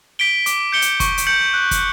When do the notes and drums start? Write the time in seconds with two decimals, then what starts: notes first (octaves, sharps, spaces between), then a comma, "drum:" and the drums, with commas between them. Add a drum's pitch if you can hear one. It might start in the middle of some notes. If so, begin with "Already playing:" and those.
0.19 B6 D7 G7
0.46 D6, drum: hi-hat
0.72 G6 C#7 G7
0.82 drum: hi-hat
1.00 C#6, drum: kick, hi-hat
1.18 drum: hi-hat
1.27 G6 C#7 F#7
1.54 F#6
1.71 drum: kick, hi-hat